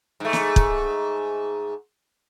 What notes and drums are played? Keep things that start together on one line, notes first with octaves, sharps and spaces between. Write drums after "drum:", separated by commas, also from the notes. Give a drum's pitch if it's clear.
G#2 A3
drum: snare
drum: kick